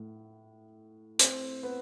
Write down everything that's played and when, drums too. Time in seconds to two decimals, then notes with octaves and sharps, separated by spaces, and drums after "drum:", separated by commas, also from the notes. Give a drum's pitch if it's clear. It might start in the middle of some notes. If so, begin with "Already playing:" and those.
Already playing: A2
1.19 C4, drum: hi-hat
1.63 B3